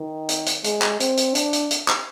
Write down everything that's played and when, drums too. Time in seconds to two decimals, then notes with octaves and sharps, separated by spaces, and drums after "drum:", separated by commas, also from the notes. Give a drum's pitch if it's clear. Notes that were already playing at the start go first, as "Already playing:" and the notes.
Already playing: D#3
0.29 drum: hi-hat
0.46 drum: hi-hat
0.64 G#3, drum: hi-hat
0.82 drum: clap
1.00 C4, drum: hi-hat
1.17 drum: hi-hat
1.35 D4, drum: hi-hat
1.53 drum: hi-hat
1.71 drum: hi-hat
1.88 drum: clap